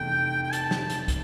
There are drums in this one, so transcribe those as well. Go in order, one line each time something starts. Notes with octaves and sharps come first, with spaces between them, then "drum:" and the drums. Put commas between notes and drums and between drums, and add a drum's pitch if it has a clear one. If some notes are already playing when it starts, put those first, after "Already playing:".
Already playing: F1 E2 A3 G5
G5
A5, drum: hi-hat
drum: snare
drum: hi-hat
drum: kick, hi-hat